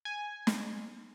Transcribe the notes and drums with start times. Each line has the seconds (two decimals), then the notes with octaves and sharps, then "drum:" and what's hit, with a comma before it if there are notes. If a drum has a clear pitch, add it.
0.05 G#5
0.47 drum: snare